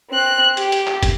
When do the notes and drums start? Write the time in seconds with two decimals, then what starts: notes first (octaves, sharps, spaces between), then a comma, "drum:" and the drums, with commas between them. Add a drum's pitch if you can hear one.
0.10 C4 F#6
0.57 G4, drum: hi-hat
0.72 drum: hi-hat
0.87 drum: clap
1.03 drum: kick, hi-hat